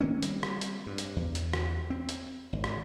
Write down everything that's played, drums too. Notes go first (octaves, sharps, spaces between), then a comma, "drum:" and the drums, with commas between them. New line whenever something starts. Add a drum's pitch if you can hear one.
D#3 A#3 C4 C#4
G3 C4, drum: hi-hat
drum: rim click
drum: hi-hat
G2
drum: hi-hat
E2
drum: hi-hat
drum: rim click
C4
drum: hi-hat
G#1
drum: rim click